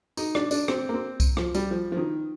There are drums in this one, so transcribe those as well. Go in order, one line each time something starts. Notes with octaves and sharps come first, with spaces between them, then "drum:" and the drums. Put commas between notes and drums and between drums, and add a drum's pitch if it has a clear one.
D#4, drum: tambourine
D4, drum: rim click
D4, drum: tambourine
C4, drum: rim click
A#3
C4
drum: kick C2, tambourine
F3, drum: rim click
G3, drum: tambourine
F3
F3
D#3